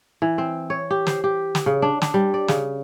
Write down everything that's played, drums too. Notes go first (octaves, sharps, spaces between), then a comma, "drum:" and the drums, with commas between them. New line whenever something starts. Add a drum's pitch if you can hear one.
E3
C4
C#5
G4
C5, drum: snare
G4
drum: snare
C#3
D4
D4, drum: snare
G3
D5
C#3, drum: snare